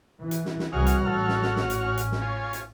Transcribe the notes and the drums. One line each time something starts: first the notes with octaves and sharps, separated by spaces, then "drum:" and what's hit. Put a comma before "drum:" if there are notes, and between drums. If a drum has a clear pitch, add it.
E3
drum: hi-hat
drum: snare
drum: snare
C2 E3 G3 F#4 G#4 C#5 F6
drum: hi-hat
A1 A4
drum: snare
drum: snare
drum: snare
drum: hi-hat
C#4
drum: hi-hat
drum: snare
F4 C#5 G#5
drum: hi-hat